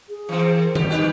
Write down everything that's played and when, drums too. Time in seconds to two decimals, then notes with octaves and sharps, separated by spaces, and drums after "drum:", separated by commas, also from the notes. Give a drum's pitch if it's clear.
0.08 G#4
0.29 E3 C4
0.55 A#4
0.75 G4, drum: tom D#3
0.90 G3 D#4 G4 B4